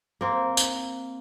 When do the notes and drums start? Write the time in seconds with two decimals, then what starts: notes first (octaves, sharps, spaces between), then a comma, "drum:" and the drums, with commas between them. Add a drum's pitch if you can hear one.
0.21 A#3 C4
0.57 drum: tambourine